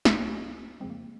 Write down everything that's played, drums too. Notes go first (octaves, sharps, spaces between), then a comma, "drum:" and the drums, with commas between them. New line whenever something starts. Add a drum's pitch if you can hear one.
C#2 C3 F#3 C#4, drum: snare
F2 C#3 F3 G#3 C4
A#3